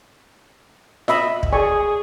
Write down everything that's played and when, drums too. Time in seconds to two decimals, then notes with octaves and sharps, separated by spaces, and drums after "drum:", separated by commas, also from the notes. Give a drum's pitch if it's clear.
1.08 D#5 E5 B5, drum: snare F4
1.43 drum: kick
1.53 G#4 D5 G#5 C#6